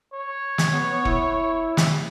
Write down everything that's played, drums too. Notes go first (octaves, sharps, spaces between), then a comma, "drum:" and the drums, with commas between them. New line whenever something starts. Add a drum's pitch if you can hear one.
C#5
drum: snare
B3
E4, drum: kick F1
drum: snare